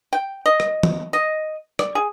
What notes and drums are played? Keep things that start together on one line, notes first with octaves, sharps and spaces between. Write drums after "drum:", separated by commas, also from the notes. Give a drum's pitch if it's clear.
G5
D#5
drum: rim click
drum: tom E3
D#5
D5, drum: rim click
G#4